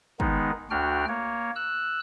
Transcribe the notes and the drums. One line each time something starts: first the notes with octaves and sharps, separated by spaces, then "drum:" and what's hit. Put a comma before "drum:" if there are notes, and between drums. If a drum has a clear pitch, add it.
D#3 G#3 B3 D#4, drum: kick
D2 D4 F#4 G5 F6
A#3 C#5
E6 F#6